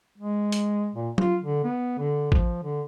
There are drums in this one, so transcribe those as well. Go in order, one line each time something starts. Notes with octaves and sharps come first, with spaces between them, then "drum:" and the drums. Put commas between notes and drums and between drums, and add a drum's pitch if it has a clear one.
G#3
drum: hi-hat
A#2
F4, drum: tom F#3
D3
B3
D3
F3, drum: kick
D3